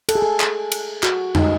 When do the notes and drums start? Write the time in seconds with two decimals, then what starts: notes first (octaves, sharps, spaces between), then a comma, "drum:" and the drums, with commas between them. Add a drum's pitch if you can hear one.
0.09 A4, drum: cymbal
0.15 G#4
0.22 A4
0.40 drum: clap
0.72 drum: cymbal
1.03 F#4, drum: clap
1.35 D#4, drum: tom F2